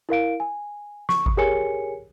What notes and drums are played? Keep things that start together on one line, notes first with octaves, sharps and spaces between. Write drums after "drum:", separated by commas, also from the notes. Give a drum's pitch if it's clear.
E4 A#4 F5 D7
G#5
C#6, drum: snare
drum: kick G#1
G4 G#4 A#4 C#5 G#5 C#7